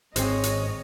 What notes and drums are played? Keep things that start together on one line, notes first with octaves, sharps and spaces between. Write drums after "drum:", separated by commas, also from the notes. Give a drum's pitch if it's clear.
G#1 C4 G#4 C5 C#5 D#5, drum: hi-hat
drum: hi-hat